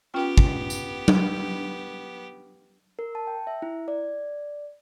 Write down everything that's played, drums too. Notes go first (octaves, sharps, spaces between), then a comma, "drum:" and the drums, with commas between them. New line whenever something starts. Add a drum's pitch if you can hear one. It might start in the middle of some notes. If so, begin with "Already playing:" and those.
B3 C#4 F4 G4 G5
drum: kick
drum: tambourine
drum: tom F#3
A#4
A5
G5
E5
E4
D5